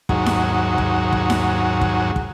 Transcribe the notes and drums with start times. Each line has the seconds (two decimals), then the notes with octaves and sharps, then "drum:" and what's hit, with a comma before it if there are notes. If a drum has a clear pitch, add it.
0.09 D#2 G#2 F#3, drum: kick
0.26 drum: snare D#4
0.78 drum: kick
1.13 drum: kick
1.30 drum: snare D#4
1.81 drum: kick
2.16 drum: kick